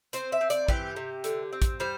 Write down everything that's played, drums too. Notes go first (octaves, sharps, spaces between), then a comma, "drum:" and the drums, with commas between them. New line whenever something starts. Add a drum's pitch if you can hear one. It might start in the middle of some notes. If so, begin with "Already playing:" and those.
C4 C5, drum: hi-hat
E5
C4
D5, drum: hi-hat
E3 G4, drum: kick
C3
D3, drum: hi-hat
C4
drum: kick, hi-hat
G3 C5